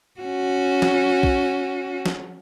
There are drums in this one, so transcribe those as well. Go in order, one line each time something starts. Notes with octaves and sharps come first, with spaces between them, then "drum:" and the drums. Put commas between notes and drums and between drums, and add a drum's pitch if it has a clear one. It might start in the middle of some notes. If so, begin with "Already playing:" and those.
C#4 F#4
drum: snare
drum: kick B1
drum: snare